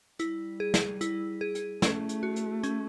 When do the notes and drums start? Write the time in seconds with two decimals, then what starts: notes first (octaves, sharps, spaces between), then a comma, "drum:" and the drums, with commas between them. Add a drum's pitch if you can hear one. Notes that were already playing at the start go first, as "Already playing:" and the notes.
0.19 G3 E4, drum: hi-hat
0.60 G#4
0.74 drum: snare
1.01 E4, drum: hi-hat
1.41 G#4
1.55 drum: hi-hat
1.82 A3 C#4, drum: snare
2.09 drum: hi-hat
2.23 F#4
2.36 drum: hi-hat
2.63 C#4, drum: hi-hat